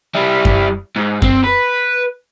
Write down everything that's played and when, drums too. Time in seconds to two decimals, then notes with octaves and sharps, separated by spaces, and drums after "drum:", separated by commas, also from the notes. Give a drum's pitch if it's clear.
0.15 G3 E4
0.45 drum: kick F#2
0.96 G#2
1.22 C4, drum: kick F#2
1.44 B4